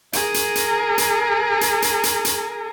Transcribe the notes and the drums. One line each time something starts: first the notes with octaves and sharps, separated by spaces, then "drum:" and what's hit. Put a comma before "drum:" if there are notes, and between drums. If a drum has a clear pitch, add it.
G#4 A#4, drum: hi-hat
drum: hi-hat
drum: hi-hat
drum: hi-hat
drum: hi-hat
drum: hi-hat
drum: hi-hat
drum: hi-hat